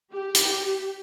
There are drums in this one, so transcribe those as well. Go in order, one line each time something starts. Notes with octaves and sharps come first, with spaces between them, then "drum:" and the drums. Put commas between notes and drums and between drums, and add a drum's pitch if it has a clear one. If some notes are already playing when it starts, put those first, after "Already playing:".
G4
drum: hi-hat